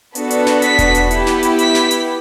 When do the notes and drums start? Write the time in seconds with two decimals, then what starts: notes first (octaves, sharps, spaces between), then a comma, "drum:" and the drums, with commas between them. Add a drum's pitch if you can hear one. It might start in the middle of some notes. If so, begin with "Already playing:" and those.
0.15 B3 D4 F#4 A4, drum: hi-hat
0.30 drum: hi-hat
0.47 drum: snare
0.62 B6, drum: hi-hat
0.79 drum: kick E1, hi-hat
0.95 drum: hi-hat
1.11 B3 E4 G4, drum: hi-hat
1.27 drum: snare
1.43 drum: hi-hat
1.59 B6, drum: hi-hat
1.75 drum: snare
1.91 drum: hi-hat